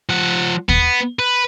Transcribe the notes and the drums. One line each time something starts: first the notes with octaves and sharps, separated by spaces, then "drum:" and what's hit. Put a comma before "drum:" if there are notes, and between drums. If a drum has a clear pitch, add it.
F3 F#5
B3, drum: kick D#2
B4